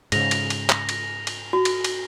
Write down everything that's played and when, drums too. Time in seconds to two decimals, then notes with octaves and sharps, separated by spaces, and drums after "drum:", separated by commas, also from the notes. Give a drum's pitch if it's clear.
0.12 G#2 C#3 A#6 F7, drum: cymbal
0.31 drum: cymbal
0.50 drum: cymbal
0.70 drum: clap
0.89 drum: cymbal
1.27 drum: cymbal
1.53 F#4
1.65 drum: cymbal
1.84 drum: cymbal